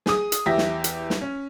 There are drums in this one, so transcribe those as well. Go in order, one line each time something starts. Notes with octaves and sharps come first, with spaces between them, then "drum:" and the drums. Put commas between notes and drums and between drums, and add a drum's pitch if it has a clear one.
G#4 D#6, drum: snare
drum: hi-hat
E2 G4 E5 A#6 B6
drum: snare
drum: hi-hat
drum: snare
C#4